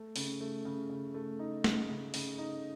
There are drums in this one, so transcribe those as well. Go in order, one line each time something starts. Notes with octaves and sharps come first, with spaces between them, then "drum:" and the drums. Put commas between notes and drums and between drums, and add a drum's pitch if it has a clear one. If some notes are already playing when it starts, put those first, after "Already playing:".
Already playing: A3
C#3, drum: open hi-hat
A3
C#3
C#3
A3
D#4
C#3, drum: snare
C#3
C#3, drum: open hi-hat
D#4